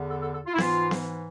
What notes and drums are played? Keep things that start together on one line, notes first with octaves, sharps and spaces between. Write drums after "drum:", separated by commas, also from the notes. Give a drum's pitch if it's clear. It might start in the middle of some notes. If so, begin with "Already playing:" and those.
Already playing: E2 D3
A4
A4
A4
F4
E4
G#2 E3 F4, drum: snare B3
drum: snare B3